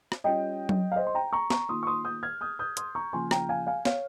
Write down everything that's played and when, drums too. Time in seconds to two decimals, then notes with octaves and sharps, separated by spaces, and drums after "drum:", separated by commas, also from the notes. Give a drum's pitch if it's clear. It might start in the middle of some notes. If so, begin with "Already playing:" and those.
0.12 drum: rim click
0.24 G3 C#4 F4 D#5 G5
0.69 drum: tom F#3
0.92 F5
0.96 C5 D#5
1.07 C6
1.15 G5 A#5
1.33 A#5 C#6
1.50 A#5 C#6, drum: snare
1.69 D#3 A#3 F4 C6 D#6
1.83 C#6
1.87 C6 D#6
2.05 D#6 G6
2.23 F6 G#6
2.41 D#6 G6
2.59 D#6 G6
2.77 C6 D#6, drum: hi-hat
2.95 A#5 C#6
3.13 C#3 F3 A#3 F4 G#5 C6
3.31 G5 A#5, drum: rim click
3.49 F5 G#5
3.67 F5 G#5
3.85 C#5 F5, drum: snare